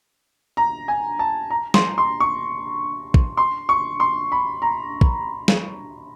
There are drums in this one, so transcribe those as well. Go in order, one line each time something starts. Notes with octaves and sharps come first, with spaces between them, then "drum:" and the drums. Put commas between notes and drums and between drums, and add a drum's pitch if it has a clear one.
A#5
G#5
A5
A#5
C6, drum: snare
C6
C#6
drum: kick
C6
C#6
C6
B5
A#5
drum: kick
drum: snare